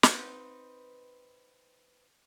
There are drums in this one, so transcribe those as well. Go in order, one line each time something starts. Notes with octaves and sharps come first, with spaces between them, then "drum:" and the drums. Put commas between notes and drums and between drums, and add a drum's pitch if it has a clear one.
C4 D#4 B4, drum: snare